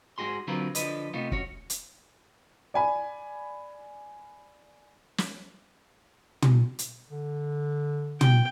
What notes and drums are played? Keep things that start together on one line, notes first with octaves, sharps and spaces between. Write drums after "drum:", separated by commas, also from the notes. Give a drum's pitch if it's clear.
G#2 C#3 F#4 G#4 C6
D3 F#3 C4 F4 A#4 B4
D3 F3 B4 D#5, drum: hi-hat
C3 A3 B3 D#4 F4
C#4 F#4 C#5, drum: kick
drum: hi-hat
D5 G#5 B5
drum: snare
drum: tom
drum: hi-hat
D3
G5, drum: tom